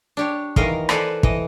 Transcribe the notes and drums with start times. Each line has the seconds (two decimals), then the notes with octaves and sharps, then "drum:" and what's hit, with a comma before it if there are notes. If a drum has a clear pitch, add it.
0.17 D4 G4 C#5
0.56 D#3 E3 A#4 D#5 F5, drum: kick
0.89 A4 B4 C5 D5 G#5 A#5, drum: rim click
1.23 E3 D#5, drum: kick